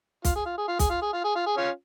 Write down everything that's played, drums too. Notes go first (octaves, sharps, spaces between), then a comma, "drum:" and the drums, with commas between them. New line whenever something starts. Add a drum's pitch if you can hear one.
F4, drum: kick, hi-hat
G#4
F4
G#4
F4
G#4, drum: kick, hi-hat
F4
G#4
F4
G#4
F4
G#4
C#4 F4